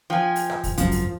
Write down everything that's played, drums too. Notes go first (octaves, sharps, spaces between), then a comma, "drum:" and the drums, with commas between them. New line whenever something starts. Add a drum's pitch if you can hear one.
F3 G5 G#5
drum: open hi-hat
drum: rim click
drum: kick, open hi-hat
G#1 C#2 F#2 F3, drum: hi-hat
drum: open hi-hat